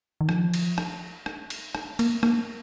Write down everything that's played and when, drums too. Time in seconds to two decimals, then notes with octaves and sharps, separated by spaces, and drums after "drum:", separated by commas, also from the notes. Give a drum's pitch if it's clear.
0.21 D#3
0.29 F3, drum: rim click
0.54 drum: cymbal
0.78 drum: rim click
1.26 drum: rim click
1.50 drum: cymbal
1.75 drum: rim click
1.99 A#3, drum: cymbal
2.23 A#3, drum: rim click